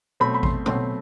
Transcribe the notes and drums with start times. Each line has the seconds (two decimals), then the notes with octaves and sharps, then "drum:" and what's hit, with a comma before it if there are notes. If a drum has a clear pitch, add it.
0.20 B2 F#3 A3 C4 B5
0.34 B5
0.43 C6, drum: kick A1
0.66 B2 F#3 A3 C4, drum: tom A#2